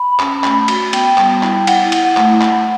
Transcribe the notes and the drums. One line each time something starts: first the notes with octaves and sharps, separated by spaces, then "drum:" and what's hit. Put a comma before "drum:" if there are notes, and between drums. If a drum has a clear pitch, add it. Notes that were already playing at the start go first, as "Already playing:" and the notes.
Already playing: B5
C#4, drum: clap
A3, drum: clap
F#4, drum: cymbal
B3 G5, drum: cymbal
G3, drum: clap
E4, drum: clap
E4 F#5, drum: cymbal
E4, drum: cymbal
F#5
A3, drum: clap
drum: clap